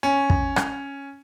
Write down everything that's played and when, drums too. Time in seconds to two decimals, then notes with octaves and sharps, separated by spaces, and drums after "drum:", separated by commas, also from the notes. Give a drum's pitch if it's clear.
0.03 C#4
0.30 drum: kick
0.56 drum: rim click